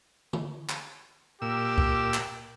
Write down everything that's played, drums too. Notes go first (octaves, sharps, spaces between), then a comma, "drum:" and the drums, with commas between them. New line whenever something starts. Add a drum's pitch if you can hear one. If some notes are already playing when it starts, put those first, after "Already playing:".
drum: tom D3
drum: clap
A#2 G4 E6
drum: kick
drum: clap